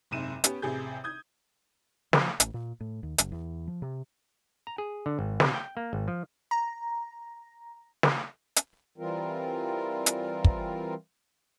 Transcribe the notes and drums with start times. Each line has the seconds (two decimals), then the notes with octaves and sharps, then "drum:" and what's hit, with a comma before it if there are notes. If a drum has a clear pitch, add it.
0.11 F#1 G#2 C3 D#7 E7
0.44 B3 C#4 G4, drum: hi-hat
0.62 A1 C3 G4 G#4 G6
1.04 D#6 G6 G#6
2.13 F3, drum: snare
2.40 A1, drum: hi-hat
2.54 A#2
2.80 A2
3.03 D#2
3.18 F#1, drum: hi-hat
3.32 E2
3.68 F3
3.82 C3
4.67 A#5
4.78 G#4
5.06 D3
5.19 G#1
5.40 C3, drum: snare
5.54 G5
5.77 A#3
5.93 G#1
6.08 F3
6.51 A#5
8.03 drum: snare
8.56 drum: hi-hat
8.98 E3 G3 C4 F4 A#4
10.06 drum: hi-hat
10.44 drum: kick